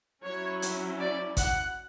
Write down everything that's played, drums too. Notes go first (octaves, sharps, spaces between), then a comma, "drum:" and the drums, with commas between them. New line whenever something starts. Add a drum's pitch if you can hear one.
F#3 C#4 E4 C#5
drum: hi-hat
D5
F#5, drum: kick A1, hi-hat